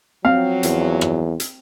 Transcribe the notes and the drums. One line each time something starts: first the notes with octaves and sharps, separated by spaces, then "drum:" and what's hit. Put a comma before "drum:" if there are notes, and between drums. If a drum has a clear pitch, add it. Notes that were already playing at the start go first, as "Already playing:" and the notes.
F3 F#3 C4 F5
E2, drum: hi-hat
drum: rim click
drum: hi-hat